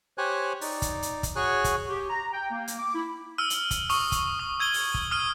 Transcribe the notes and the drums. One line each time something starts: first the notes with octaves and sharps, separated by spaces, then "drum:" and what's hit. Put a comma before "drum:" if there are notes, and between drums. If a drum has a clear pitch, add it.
G4 C5 C#5 G#5 F#6
D#4 D5, drum: open hi-hat
drum: kick, hi-hat
drum: hi-hat
drum: kick, hi-hat
F#4 G#4 C#5 G#5 C#6 F#6
drum: kick, hi-hat
G4
A#5
G5
A#3
drum: hi-hat
D6
E4
E6 F6 D#7
drum: hi-hat
drum: kick, hi-hat
C#6 D#6, drum: open hi-hat
drum: kick, hi-hat
D#6
E6 G#6 D#7 G7
drum: open hi-hat
drum: kick
D#6 F6 D#7